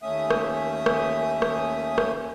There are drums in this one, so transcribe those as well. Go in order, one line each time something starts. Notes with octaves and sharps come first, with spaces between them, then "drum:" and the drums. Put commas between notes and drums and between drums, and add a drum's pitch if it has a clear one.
D#2 A3 C#4 E5 D#6
drum: rim click
drum: rim click
drum: rim click
drum: rim click